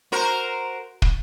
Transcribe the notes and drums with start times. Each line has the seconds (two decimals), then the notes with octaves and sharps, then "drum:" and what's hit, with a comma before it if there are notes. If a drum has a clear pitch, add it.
0.12 F#4 A#4 C5
1.02 drum: kick